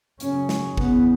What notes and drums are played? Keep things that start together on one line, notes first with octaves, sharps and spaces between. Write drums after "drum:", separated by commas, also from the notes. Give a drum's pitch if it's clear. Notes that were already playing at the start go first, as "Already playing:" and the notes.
F#2 C#3 C#4, drum: hi-hat
drum: snare
E2 C#3 B3, drum: kick G1